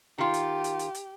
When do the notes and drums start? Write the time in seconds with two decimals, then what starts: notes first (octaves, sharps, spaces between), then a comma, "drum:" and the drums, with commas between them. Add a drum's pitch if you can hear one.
0.18 D#3 F4 G4
0.34 drum: hi-hat
0.64 drum: hi-hat
0.79 drum: hi-hat
0.95 drum: hi-hat